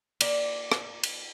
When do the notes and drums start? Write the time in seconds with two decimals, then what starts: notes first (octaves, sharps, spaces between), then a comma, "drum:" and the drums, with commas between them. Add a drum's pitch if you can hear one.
0.21 A#3 D5, drum: cymbal
0.72 drum: rim click
1.03 drum: cymbal